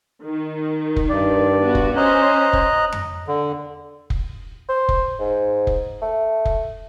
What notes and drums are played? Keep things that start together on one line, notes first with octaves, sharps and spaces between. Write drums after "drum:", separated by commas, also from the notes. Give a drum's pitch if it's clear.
D#3
drum: kick F1
G2 D5
B3 F#4
drum: kick F1
C#4 C5 D#5 A#5 F#6
drum: kick F1
drum: tom F2
D3
drum: kick F1
C5
drum: kick F1
G#2
drum: kick F1
A3
drum: kick F1